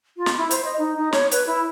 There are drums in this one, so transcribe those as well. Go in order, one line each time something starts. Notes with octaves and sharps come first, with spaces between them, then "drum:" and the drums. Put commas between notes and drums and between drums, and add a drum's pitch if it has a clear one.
F4
drum: snare
E4
C5, drum: hi-hat
D#5
D#4
D#4
C#5, drum: snare
B4, drum: hi-hat
E4